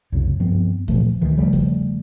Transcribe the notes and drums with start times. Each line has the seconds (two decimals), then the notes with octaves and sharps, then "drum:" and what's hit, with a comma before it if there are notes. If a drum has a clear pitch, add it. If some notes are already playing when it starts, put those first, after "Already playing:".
0.12 E1 C2 F#2 C#3
0.40 G2 F3 B3 C4
0.88 A#2 E3 F3 A3, drum: kick E2
1.21 D2 D#3 E3
1.37 C#3 F3 G3 A3
1.53 drum: kick E2